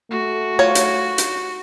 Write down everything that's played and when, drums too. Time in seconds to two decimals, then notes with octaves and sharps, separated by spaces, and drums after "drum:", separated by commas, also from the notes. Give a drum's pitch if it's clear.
0.11 A3 F#4
0.59 F4 C#5
0.75 drum: hi-hat
1.18 drum: hi-hat